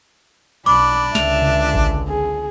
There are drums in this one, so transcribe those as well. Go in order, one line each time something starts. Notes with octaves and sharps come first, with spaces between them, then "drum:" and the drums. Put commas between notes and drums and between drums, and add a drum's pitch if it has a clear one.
B1 D4 B5 D6, drum: cymbal
C#2 D3 E5 F7, drum: snare
drum: tom C3
drum: kick A1
G#4